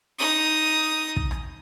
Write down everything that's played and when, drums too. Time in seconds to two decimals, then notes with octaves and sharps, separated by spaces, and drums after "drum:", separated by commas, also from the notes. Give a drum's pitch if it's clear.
0.19 D#4 D#6
1.16 drum: kick
1.31 drum: rim click